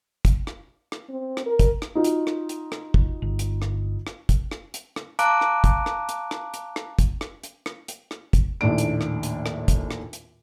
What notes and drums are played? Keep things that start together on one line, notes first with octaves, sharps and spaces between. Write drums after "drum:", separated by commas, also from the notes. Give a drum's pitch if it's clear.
drum: kick, hi-hat
drum: rim click
drum: rim click
C4
drum: rim click
A#4
drum: kick, hi-hat
drum: rim click
D#4 F4 F#4
drum: hi-hat
drum: rim click
drum: hi-hat
drum: rim click
drum: kick
G1
drum: hi-hat
drum: rim click
drum: rim click
drum: kick, hi-hat
drum: rim click
drum: hi-hat
drum: rim click
F5 A5 A#5 D6 F#6 D7, drum: hi-hat
drum: rim click
drum: kick, hi-hat
drum: rim click
drum: hi-hat
drum: rim click
drum: hi-hat
drum: rim click
drum: kick, hi-hat
drum: rim click
drum: hi-hat
drum: rim click
drum: hi-hat
drum: rim click
drum: kick, hi-hat
A#1 D#2 A2 D4 D7
drum: hi-hat
drum: rim click
drum: hi-hat
drum: rim click
drum: kick, hi-hat
drum: rim click
drum: hi-hat